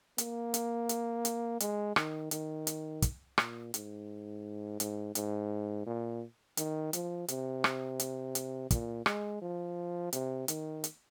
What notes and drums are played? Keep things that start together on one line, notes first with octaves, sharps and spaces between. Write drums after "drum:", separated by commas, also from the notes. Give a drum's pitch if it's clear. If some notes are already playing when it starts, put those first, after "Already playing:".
A#3, drum: hi-hat
drum: hi-hat
drum: hi-hat
drum: hi-hat
G#3, drum: hi-hat
D#3, drum: rim click
D#3, drum: hi-hat
drum: hi-hat
drum: kick, hi-hat
A#2, drum: rim click
G#2, drum: hi-hat
G#2, drum: hi-hat
G#2, drum: hi-hat
A#2
D#3, drum: hi-hat
F3, drum: hi-hat
C3, drum: hi-hat
drum: rim click
drum: hi-hat
drum: hi-hat
A#2, drum: kick, hi-hat
G#3, drum: rim click
F3
C3, drum: hi-hat
D#3, drum: hi-hat
drum: hi-hat